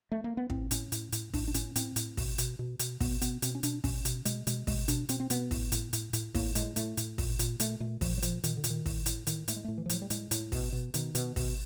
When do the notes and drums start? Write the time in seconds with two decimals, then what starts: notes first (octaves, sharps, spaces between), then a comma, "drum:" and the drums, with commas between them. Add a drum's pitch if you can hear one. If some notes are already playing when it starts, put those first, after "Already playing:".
0.12 A3
0.24 A#3
0.37 B3
0.50 A2 C4, drum: kick
0.71 A2 C#4, drum: hi-hat
0.92 A2, drum: hi-hat
1.12 A2, drum: hi-hat
1.33 A2 D4, drum: kick, open hi-hat
1.48 D4
1.54 A2 C#4, drum: hi-hat
1.76 A2 C4, drum: hi-hat
1.96 A2, drum: hi-hat
2.17 B2, drum: kick, open hi-hat
2.38 B2, drum: hi-hat
2.59 B2
2.79 B2, drum: hi-hat
3.00 B2 B3, drum: kick, open hi-hat
3.21 B2 B3, drum: hi-hat
3.42 B2 C4, drum: hi-hat
3.55 C#4
3.63 B2 D4, drum: hi-hat
3.84 B2 C#4, drum: kick, open hi-hat
4.05 B2, drum: hi-hat
4.25 B2 G#3, drum: hi-hat
4.47 B2 G#3, drum: hi-hat
4.67 B2 G#3, drum: kick, open hi-hat
4.88 B2 D4, drum: hi-hat
5.09 B2 C4, drum: hi-hat
5.20 C4
5.30 B2 B3, drum: hi-hat
5.51 A2, drum: kick, open hi-hat
5.72 A2, drum: hi-hat
5.93 A2, drum: hi-hat
6.13 A2, drum: hi-hat
6.34 A2 A#3, drum: kick, open hi-hat
6.55 A2 G#3, drum: hi-hat
6.76 A2 A3, drum: hi-hat
6.97 A2, drum: hi-hat
7.18 A#2, drum: kick, open hi-hat
7.39 A#2, drum: hi-hat
7.60 A#2 A3, drum: hi-hat
7.80 A#2 A3
8.01 A#2 F3, drum: kick, open hi-hat
8.18 F#3
8.22 A#2 F3, drum: hi-hat
8.44 A#2 D#3, drum: hi-hat
8.57 D3
8.64 A#2, drum: hi-hat
8.70 D#3
8.86 A2, drum: kick, open hi-hat
9.06 A2, drum: hi-hat
9.27 A2 D#3, drum: hi-hat
9.48 A2 A3, drum: hi-hat
9.56 G#3
9.65 A2 A3
9.78 E3
9.86 F3
9.89 A2 F#3, drum: hi-hat
10.02 G3
10.10 A2 G#3, drum: hi-hat
10.31 A2, drum: hi-hat
10.52 B2, drum: kick, open hi-hat
10.72 B2
10.94 B2 D#3, drum: hi-hat
11.15 B2, drum: hi-hat
11.36 B2, drum: kick, open hi-hat